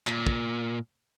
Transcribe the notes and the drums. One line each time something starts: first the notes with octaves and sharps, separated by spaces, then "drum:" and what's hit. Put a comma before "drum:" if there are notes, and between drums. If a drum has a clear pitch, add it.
A#2, drum: clap
drum: kick